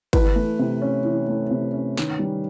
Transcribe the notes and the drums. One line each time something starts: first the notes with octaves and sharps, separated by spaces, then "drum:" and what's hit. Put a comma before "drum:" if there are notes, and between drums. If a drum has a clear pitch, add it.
E3 B4, drum: kick G1, cymbal
A3
C3
C#4
E3
A3
C3
C#4
D#3, drum: snare
G3